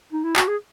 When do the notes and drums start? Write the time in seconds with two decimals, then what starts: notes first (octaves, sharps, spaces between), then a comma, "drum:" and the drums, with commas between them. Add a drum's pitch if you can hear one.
0.12 D#4
0.24 E4
0.36 F#4, drum: clap
0.48 G#4